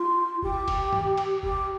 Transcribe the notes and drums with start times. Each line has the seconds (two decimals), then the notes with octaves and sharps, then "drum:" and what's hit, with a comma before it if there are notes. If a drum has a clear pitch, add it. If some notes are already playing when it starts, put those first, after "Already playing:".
Already playing: F4
0.42 G4, drum: kick F1
0.68 drum: kick F1, cymbal
0.93 drum: tom
1.17 drum: cymbal
1.43 G4, drum: kick F1